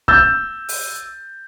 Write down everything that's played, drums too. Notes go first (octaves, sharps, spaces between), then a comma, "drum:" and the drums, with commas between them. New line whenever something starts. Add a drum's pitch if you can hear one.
E6 G6 A6, drum: kick
drum: open hi-hat